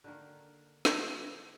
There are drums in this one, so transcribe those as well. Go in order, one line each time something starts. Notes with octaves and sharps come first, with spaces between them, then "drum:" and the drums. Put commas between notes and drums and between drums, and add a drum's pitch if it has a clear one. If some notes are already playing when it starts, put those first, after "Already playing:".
D3 D#3 A#3
drum: snare